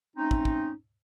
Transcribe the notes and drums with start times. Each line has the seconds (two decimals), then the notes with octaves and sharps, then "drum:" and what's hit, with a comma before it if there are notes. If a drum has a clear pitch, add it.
0.17 A3 C4 C#4 D#4
0.31 drum: kick
0.45 drum: kick